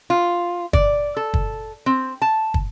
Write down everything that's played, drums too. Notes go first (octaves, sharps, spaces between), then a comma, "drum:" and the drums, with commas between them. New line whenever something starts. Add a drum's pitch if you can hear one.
F4
D5, drum: kick
A4
drum: kick
C4
A5
drum: kick